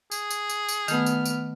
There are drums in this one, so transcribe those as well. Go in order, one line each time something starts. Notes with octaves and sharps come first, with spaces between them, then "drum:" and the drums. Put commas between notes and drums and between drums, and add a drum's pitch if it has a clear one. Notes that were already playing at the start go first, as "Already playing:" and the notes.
G#4, drum: tambourine
drum: tambourine
drum: tambourine
drum: tambourine
D#3 A3 B3 F6, drum: tambourine
drum: tambourine
drum: tambourine